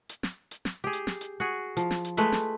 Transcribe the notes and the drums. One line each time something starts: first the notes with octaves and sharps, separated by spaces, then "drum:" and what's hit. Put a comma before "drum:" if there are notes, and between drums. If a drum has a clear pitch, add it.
drum: hi-hat
drum: snare
drum: hi-hat
drum: snare
G4 G#4
drum: hi-hat
drum: snare
drum: hi-hat
F#4 G#4
F3, drum: hi-hat
drum: snare
drum: hi-hat
G#3 A3 B4 E5, drum: hi-hat
drum: snare